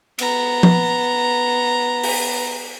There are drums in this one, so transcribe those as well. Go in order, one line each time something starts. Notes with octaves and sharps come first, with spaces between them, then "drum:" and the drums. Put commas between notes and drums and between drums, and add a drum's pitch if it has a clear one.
B3 A#5, drum: cymbal
drum: tom F3
drum: open hi-hat